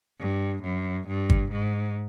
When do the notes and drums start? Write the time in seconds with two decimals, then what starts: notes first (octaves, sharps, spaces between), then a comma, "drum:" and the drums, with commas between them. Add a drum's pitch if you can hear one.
0.20 G2
0.63 F#2
1.08 G2
1.30 drum: kick
1.52 G#2